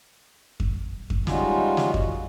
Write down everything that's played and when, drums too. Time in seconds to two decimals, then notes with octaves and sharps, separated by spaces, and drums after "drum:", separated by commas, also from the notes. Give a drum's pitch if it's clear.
0.60 drum: kick F2
1.10 drum: kick F2
1.27 G3 G#3 C#4 D#4 F4 F#4, drum: snare
1.77 drum: snare
1.94 drum: kick F2